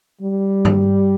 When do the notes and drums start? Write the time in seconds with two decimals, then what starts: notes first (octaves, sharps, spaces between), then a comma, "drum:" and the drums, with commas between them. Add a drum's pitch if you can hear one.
0.21 G3
0.65 drum: tom G2